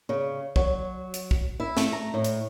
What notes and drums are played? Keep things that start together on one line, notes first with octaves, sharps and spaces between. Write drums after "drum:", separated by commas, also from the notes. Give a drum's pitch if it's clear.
C#3
F#3, drum: kick
drum: hi-hat
drum: kick
E4
A3, drum: snare
A#5
A2
drum: hi-hat